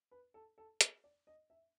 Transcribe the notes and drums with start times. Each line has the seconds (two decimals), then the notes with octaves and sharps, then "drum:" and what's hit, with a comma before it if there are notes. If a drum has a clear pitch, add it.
0.11 B4
0.34 A4
0.58 A4
0.81 drum: hi-hat
1.04 D5
1.27 D#5
1.50 E5